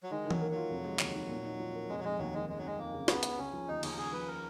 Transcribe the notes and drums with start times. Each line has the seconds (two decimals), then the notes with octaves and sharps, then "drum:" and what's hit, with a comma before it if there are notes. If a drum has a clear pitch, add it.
0.03 F#3
0.11 D#3 G#3
0.25 D#3
0.31 F#3, drum: tom E3
0.41 A#3
0.51 F#3 F4
0.70 F1
0.85 G#3
0.99 D#2, drum: clap
1.15 D#3
1.29 A#2
1.45 D#4
1.60 F3
1.75 A#3
1.89 F1 G#3
1.99 F#3
2.04 F1 G#3
2.19 D#2 F#3
2.34 D#3 G#3
2.48 F#1 G#3
2.58 F#3
2.64 F#1 G#3
2.79 F2 A#3
2.94 C#3
3.08 C#2 B3, drum: snare
3.23 C#2, drum: hi-hat
3.38 C#3 C#4
3.53 F3
3.68 D#2 D#4
3.83 D#2 G#4, drum: cymbal
3.97 C#3 G#4
4.13 F3 B4
4.28 A#4